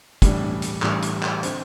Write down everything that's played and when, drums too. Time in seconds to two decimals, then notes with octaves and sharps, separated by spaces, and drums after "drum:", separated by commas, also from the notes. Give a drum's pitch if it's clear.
0.22 A2 E3 G3 D4, drum: kick, hi-hat
0.62 drum: hi-hat
0.82 A2 E3 G3 D4, drum: clap
1.03 drum: hi-hat
1.23 drum: clap
1.43 D3 C4, drum: hi-hat